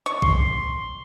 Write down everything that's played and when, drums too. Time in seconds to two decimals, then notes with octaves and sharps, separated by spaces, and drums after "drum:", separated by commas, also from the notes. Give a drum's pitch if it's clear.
0.06 C#6
0.22 C6, drum: kick A#1